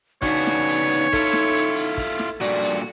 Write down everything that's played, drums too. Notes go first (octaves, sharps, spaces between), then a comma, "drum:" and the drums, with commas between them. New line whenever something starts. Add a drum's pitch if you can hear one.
C#3 B3 D4 D#4 F#4 C#5, drum: kick, open hi-hat
drum: snare
drum: hi-hat
drum: hi-hat
E4 F4 A4, drum: kick, open hi-hat
drum: snare
drum: hi-hat
drum: hi-hat
drum: kick, open hi-hat
drum: snare
G2 A#2 F#4 D5, drum: hi-hat
drum: hi-hat